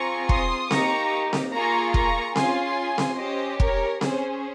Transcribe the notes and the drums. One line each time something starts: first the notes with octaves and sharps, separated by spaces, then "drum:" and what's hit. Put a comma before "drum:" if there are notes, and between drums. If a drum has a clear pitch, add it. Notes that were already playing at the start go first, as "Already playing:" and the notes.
Already playing: C4 F4 G#4 A#5 C#6
C6 D#6, drum: kick
A#3 D#4 G4 A#5 C#6, drum: snare C4
drum: snare C4
A#3 F4 G#4 A#5 C#6
A#5 C#6, drum: kick
C#4 F4 G#4 G#5 C6, drum: snare C4
drum: snare C4
C#4 G4 C5 D#5
A#4 C#5, drum: kick
C#4 G#4 C5, drum: snare C4